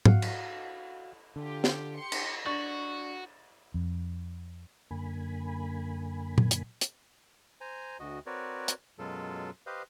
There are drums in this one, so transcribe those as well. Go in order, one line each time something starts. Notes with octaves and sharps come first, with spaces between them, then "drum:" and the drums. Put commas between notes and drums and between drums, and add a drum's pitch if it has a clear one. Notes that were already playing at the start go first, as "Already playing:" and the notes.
F#4 F5 F#5, drum: tom G#2
drum: cymbal
D3 F4 G4
drum: snare
G4 C6 C#7
drum: cymbal
D4 F#4 C#6 A6
F2
F#2 D3 A#3 G#5 B5
drum: tom A#2
drum: hi-hat
drum: hi-hat
C5 G#5 A#5
D2 F#4 D#5
C4 F#4 A#4 B4 C#5 D5
drum: hi-hat
F#2 B2 F#3 G#3 F4 A4
G4 B4 C5 D#5 F5